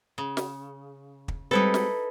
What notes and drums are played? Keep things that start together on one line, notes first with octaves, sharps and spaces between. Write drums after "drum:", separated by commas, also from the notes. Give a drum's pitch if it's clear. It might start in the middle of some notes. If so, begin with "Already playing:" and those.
C#3
drum: snare
drum: kick
G3 G#3 C4 D#4 E4 A4 B4
drum: snare